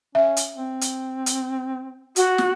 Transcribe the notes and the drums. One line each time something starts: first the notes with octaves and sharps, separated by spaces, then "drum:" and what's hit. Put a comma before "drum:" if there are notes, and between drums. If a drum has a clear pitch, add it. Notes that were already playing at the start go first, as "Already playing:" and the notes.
C#4 E5
drum: hi-hat
C4
drum: hi-hat
drum: hi-hat
F#4, drum: hi-hat
drum: snare